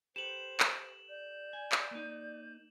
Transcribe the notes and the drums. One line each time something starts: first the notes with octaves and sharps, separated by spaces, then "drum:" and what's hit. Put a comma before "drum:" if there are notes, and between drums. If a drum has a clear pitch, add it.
G4 A4 B4 C5 E7 F#7
drum: clap
D5 G6
G#5
drum: clap
A#3 D#4